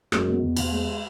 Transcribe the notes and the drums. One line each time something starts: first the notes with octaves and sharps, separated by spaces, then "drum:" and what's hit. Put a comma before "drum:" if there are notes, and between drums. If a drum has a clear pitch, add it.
F#2 G#3, drum: rim click
B2
E2
E2, drum: cymbal
G#3